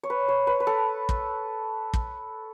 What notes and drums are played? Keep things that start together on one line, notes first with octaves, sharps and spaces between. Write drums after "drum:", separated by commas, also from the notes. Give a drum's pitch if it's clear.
C#5
B4
C#5
B4
B4
A4
drum: kick
drum: kick